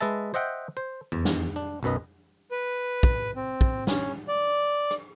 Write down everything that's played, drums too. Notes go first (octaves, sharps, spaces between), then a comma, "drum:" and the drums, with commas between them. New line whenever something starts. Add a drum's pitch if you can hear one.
G#3 B4 D#5 E5 A5
C5 D#5 E5 F#5 G5
C5
E2, drum: tom F2
drum: snare
D4
B1 F#2 B4 D#5
B4
drum: kick
C4
drum: kick
C#4, drum: snare
D5
drum: rim click